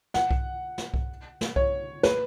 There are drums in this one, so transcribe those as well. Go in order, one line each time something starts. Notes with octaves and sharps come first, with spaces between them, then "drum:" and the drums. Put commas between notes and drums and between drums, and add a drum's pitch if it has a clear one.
F#5, drum: snare
drum: kick C2
drum: snare
drum: kick C2
drum: snare
C#5, drum: kick C2
B4, drum: snare